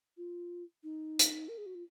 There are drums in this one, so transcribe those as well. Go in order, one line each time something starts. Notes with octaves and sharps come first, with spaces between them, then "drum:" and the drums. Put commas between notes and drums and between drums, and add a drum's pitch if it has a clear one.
F4
D#4
drum: hi-hat
A#4
G#4
F#4
F4